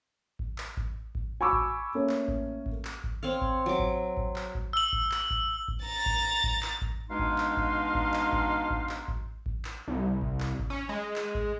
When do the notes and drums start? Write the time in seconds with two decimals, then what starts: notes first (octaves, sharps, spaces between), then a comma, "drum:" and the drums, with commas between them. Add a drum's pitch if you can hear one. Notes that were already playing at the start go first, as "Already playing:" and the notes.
0.39 drum: kick G#1
0.58 drum: clap
0.77 drum: kick G#1
1.15 drum: kick G#1
1.41 G#5 B5 C#6 D6 E6
1.53 drum: kick G#1
1.95 A3 A#3 C#4
2.09 drum: clap
2.28 drum: kick G#1
2.66 drum: kick G#1
2.85 drum: clap
3.04 drum: kick G#1
3.23 C4 C#5 F5
3.42 drum: kick G#1
3.66 F#3 D6
3.79 drum: kick G#1
4.17 drum: kick G#1
4.36 drum: clap
4.55 drum: kick G#1
4.73 E6 F#7
4.93 drum: kick G#1
5.11 drum: clap
5.30 drum: kick G#1
5.68 drum: kick G#1
5.83 A#5 A6
6.06 drum: kick G#1
6.44 drum: kick G#1
6.63 drum: clap
6.81 drum: kick G#1
7.10 B2 G#3 D4 D#4 F5 C6
7.19 drum: kick G#1
7.38 drum: clap
7.57 drum: kick G#1
7.95 drum: kick G#1
8.14 drum: clap
8.33 drum: kick G#1
8.70 drum: kick G#1
8.89 drum: clap
9.08 drum: kick G#1
9.46 drum: kick G#1
9.65 drum: clap
9.88 C2
10.21 drum: kick G#1
10.40 drum: clap
10.59 drum: kick G#1
10.70 C#4
10.89 G#3
11.16 drum: clap
11.35 drum: kick G#1